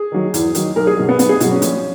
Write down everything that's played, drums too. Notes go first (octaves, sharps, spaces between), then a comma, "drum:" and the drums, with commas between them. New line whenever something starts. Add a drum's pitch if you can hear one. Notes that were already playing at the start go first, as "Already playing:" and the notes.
Already playing: G#4
D#3 F#3
E2, drum: hi-hat
D#3 F#3, drum: hi-hat
B1 A#4
G#4
B2 F#3
B3
B1 B3, drum: hi-hat
G#4
B2 F#3 F#4, drum: hi-hat
C#4
A#1, drum: hi-hat